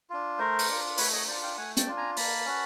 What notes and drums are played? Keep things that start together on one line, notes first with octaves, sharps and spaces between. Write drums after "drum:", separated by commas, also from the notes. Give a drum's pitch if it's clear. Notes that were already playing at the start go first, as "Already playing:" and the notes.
D4 F4
A3 A#4 C5
drum: open hi-hat
D4 F4
A3 B4 C#5, drum: open hi-hat
C#5 D#5
D4 F4 C5 D5
F5 G5
A3 F#5 G#5
G5 A5, drum: hi-hat
D4 F4
G#5 A#5
A#3 A5 B5, drum: open hi-hat
C#4 F#4